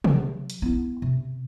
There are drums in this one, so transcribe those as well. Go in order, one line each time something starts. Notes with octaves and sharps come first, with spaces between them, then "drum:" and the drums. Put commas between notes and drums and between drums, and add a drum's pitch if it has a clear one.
F#3, drum: tom C3
drum: hi-hat
B3 E4
C3